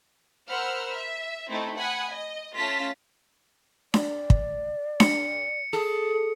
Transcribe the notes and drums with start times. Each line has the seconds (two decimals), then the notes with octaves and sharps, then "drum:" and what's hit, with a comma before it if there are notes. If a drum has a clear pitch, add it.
0.49 A#4 C5 F#5 B5 E6 F6
0.95 E5
1.50 A3 C4 D#4 E4
1.78 F#5 G#5 B5 D#6
2.12 D#5
2.56 A3 C#4 F4 A5 A#6 B6
3.94 D5, drum: snare D4
4.30 drum: kick
5.00 C#7, drum: snare D4
5.73 G#4 A4